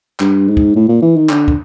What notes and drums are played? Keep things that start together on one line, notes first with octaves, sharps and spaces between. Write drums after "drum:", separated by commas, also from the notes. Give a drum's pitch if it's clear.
G2, drum: clap
G#2
drum: kick
A2
A#2
E3
D#3
D3, drum: clap
drum: kick